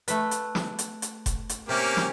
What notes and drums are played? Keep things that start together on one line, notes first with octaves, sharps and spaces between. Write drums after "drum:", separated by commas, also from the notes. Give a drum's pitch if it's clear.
A3 B4, drum: hi-hat
drum: hi-hat
drum: snare
drum: hi-hat
drum: hi-hat
drum: kick F1, hi-hat
drum: hi-hat
C3 A#3 C#4 G4
drum: snare